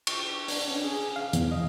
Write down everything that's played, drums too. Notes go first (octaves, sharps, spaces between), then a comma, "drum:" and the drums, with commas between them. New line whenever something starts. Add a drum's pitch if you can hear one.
C#6, drum: cymbal
D4, drum: open hi-hat
C#4
G#4
F5
E2, drum: hi-hat
D#5